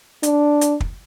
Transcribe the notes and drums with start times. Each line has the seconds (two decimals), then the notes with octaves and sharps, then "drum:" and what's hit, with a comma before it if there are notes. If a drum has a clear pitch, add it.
0.23 D4, drum: hi-hat
0.61 drum: hi-hat
0.80 drum: kick